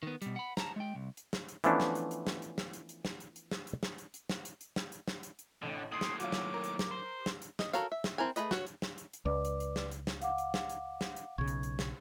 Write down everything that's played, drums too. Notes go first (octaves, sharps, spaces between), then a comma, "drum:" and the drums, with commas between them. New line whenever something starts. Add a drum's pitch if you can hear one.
D#3 B3
B2 G3, drum: hi-hat
F#5 B5
A5 A#5, drum: snare
G#3 G5
C2
drum: hi-hat
drum: snare
drum: hi-hat
E3 F3 A3 B3 C#4 D4, drum: hi-hat
drum: snare
drum: hi-hat
drum: hi-hat
drum: snare
drum: hi-hat
drum: snare
drum: hi-hat
drum: hi-hat
drum: snare
drum: hi-hat
drum: hi-hat
drum: snare
drum: hi-hat
drum: snare
drum: hi-hat
drum: hi-hat
drum: snare
drum: hi-hat
drum: hi-hat
drum: snare
drum: hi-hat
drum: snare
drum: hi-hat
drum: hi-hat
A1 A2 D3 C4
D#2 A2 C6 D#6 F#7
drum: snare
F#3 F4 F#4 D6, drum: hi-hat
drum: snare
A#4
drum: hi-hat
drum: snare
C5
G4
drum: snare
drum: hi-hat
D#5, drum: snare
F#4 A4 A#4 C#5 F5, drum: hi-hat
E5
drum: snare
C4 E4 A#4 G#5
A3 G#4 B4 D#5, drum: hi-hat
F#4 C#5, drum: snare
drum: hi-hat
drum: snare
drum: hi-hat
drum: hi-hat
C#2 B4 D5 D6
drum: hi-hat
drum: hi-hat
drum: snare
drum: hi-hat
drum: snare
F5 F#5 D6, drum: hi-hat
drum: hi-hat
drum: snare
drum: hi-hat
drum: snare
drum: hi-hat
B1 C#3 C#6 G#6
drum: hi-hat
drum: hi-hat
drum: snare